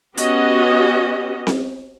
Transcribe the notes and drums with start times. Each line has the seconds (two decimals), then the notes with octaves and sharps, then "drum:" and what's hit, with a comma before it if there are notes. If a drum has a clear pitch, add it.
0.17 B3 C#4 F#4 G4 D#5, drum: hi-hat
1.47 drum: snare C4